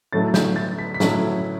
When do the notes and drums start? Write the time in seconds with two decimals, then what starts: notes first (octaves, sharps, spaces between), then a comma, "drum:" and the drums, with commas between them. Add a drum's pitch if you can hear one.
0.13 A2 F#3 A3 C#4 E4 A6
0.34 G6, drum: snare
0.56 A6
0.79 B6
0.94 B6
1.00 A2 F#3 A3 C#4 E4, drum: snare